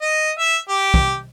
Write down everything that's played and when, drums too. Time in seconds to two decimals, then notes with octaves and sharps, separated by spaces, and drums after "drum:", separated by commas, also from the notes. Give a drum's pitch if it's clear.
0.01 D#5
0.39 E5
0.69 G4
0.94 drum: kick